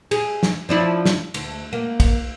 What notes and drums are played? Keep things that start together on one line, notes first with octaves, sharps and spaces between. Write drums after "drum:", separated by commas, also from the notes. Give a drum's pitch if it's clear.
G#4, drum: cymbal
drum: snare
F3 D4 E4
drum: snare
D2, drum: cymbal
A#3
drum: kick, cymbal